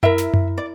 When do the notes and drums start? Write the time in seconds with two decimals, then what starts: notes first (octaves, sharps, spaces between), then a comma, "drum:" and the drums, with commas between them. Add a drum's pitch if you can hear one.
0.03 E4 A#4 E5, drum: tom F#2
0.18 drum: snare
0.34 drum: tom F#2
0.58 D5